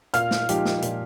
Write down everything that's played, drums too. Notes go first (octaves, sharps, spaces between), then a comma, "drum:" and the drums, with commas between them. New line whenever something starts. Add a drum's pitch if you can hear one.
A#2 F5 F6, drum: hi-hat
drum: snare
F3 G#3 D#4 G4, drum: hi-hat
drum: snare
A#2, drum: hi-hat